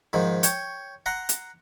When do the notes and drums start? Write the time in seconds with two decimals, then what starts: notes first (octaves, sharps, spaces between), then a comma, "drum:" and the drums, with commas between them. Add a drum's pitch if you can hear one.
0.13 G#2 D#3 F3
0.43 C#5 G5, drum: hi-hat
1.06 F#5 A#5 C6
1.29 drum: hi-hat